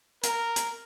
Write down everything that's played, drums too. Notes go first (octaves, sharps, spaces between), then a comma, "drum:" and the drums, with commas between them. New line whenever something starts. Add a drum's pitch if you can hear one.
A#4, drum: hi-hat
drum: hi-hat